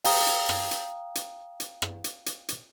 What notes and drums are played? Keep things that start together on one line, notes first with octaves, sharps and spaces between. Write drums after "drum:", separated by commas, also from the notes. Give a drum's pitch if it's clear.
F5 G5 A#5 D#6, drum: open hi-hat
drum: hi-hat
drum: rim click
drum: hi-hat
drum: hi-hat
drum: hi-hat
drum: rim click
drum: hi-hat
drum: hi-hat
drum: hi-hat